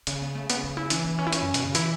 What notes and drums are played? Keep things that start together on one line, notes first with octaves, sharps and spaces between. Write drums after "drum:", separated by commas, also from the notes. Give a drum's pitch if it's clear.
C#3 C#4, drum: hi-hat
B3
A3
B3, drum: hi-hat
C#4
E4
E3 C#4, drum: hi-hat
B3
C#4
E4
E3 C#4, drum: hi-hat
F#2
B2, drum: hi-hat
C#3
E3 E4, drum: hi-hat